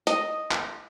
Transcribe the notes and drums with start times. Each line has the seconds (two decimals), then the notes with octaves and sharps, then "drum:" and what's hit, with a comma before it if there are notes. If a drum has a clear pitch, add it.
0.07 D#5, drum: hi-hat
0.51 drum: clap